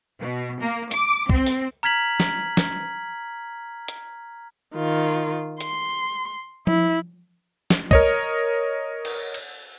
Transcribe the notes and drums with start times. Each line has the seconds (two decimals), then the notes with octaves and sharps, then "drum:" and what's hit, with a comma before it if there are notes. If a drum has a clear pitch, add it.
0.20 B2
0.60 A#3
0.91 D6, drum: hi-hat
1.29 C4, drum: kick
1.46 drum: open hi-hat
1.83 A#5 F6 G#6 B6 F#7
2.20 drum: snare
2.57 drum: snare
3.88 drum: hi-hat
4.75 D#3 F4
5.60 C6, drum: hi-hat
6.67 E4, drum: tom F3
7.70 drum: snare
7.91 A#4 C#5 D#5, drum: kick
9.05 drum: cymbal
9.34 drum: cymbal